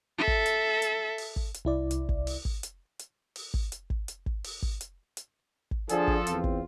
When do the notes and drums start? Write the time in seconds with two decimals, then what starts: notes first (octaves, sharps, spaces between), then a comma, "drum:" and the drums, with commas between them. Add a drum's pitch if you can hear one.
0.18 A4 E5
0.28 drum: kick
0.46 drum: hi-hat
0.82 drum: hi-hat
1.18 drum: open hi-hat
1.36 drum: kick
1.54 drum: hi-hat
1.65 C2 E4 D5
1.91 drum: hi-hat
2.09 drum: kick
2.27 drum: open hi-hat
2.45 drum: kick
2.63 drum: hi-hat
2.99 drum: hi-hat
3.36 drum: open hi-hat
3.54 drum: kick
3.72 drum: hi-hat
3.90 drum: kick
4.08 drum: hi-hat
4.26 drum: kick
4.44 drum: open hi-hat
4.62 drum: kick
4.81 drum: hi-hat
5.17 drum: hi-hat
5.71 drum: kick
5.89 D3 F3 D4 G#4 A4, drum: hi-hat
6.07 drum: kick
6.27 E2 C4 F4, drum: hi-hat
6.44 drum: kick